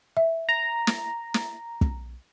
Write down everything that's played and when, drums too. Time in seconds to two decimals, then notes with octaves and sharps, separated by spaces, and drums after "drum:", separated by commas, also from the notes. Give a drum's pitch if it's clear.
0.17 E5
0.49 A#5
0.87 drum: snare
1.34 drum: snare
1.81 drum: kick